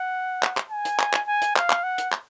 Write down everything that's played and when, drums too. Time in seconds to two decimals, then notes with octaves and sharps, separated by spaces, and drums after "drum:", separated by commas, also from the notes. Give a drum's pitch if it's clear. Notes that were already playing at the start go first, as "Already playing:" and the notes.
Already playing: F#5
0.43 drum: clap
0.57 drum: clap
0.71 G#5
0.85 drum: hi-hat
0.99 drum: clap
1.13 drum: clap
1.27 G#5
1.42 drum: hi-hat
1.56 F5, drum: clap
1.70 drum: clap
1.84 F#5
1.98 drum: hi-hat
2.12 drum: clap